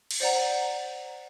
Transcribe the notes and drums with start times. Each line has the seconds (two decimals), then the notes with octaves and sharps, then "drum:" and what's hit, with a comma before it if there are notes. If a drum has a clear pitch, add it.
0.11 drum: cymbal
0.20 C5 D5 F#5 A#5